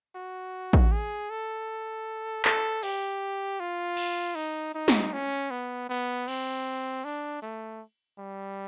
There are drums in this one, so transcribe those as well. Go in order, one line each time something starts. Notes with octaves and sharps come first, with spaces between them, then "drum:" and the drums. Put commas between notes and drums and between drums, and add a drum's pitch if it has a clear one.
F#4
drum: kick
G#4
A4
A4, drum: clap
G4, drum: open hi-hat
F4
drum: cymbal
D#4
D#4
drum: snare
C#4
B3
B3
C4, drum: cymbal
D4
A3
G3